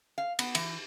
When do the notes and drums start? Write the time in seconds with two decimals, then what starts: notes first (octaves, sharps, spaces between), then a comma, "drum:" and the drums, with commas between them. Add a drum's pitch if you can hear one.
0.18 F5
0.39 B3, drum: cymbal
0.55 E3, drum: cymbal